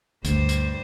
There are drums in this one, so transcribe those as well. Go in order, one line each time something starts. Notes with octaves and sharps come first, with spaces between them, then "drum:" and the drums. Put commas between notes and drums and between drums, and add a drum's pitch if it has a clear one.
D2 G2 G3 C5, drum: hi-hat
drum: hi-hat